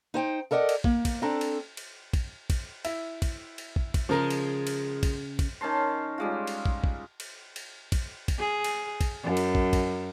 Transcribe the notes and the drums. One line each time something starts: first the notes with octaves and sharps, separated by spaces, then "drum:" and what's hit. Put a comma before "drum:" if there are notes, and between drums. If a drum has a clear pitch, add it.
D#4 C5 G5
A4 A#4 D5 D#5 F#5
drum: cymbal
A#3, drum: kick
drum: kick, cymbal
C4 D4 A4 A#5
drum: cymbal
drum: cymbal
drum: kick, cymbal
drum: kick, cymbal
E4, drum: cymbal
drum: kick, cymbal
drum: cymbal
drum: kick
drum: kick, cymbal
C#3 F3 G#3 A#4
drum: cymbal
drum: cymbal
drum: kick, cymbal
drum: kick, cymbal
D#3 C#4 A5 C6
G3 G#3 F4
drum: cymbal
drum: kick
drum: kick
drum: cymbal
drum: cymbal
drum: kick, cymbal
drum: kick, cymbal
G#4
drum: cymbal
drum: kick, cymbal
F#2
drum: cymbal
drum: kick
drum: kick, cymbal